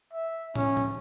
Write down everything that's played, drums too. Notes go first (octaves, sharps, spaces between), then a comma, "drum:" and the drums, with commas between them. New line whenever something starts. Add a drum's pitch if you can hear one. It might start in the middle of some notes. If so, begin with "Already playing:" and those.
E5
C#4, drum: tom
drum: tom A2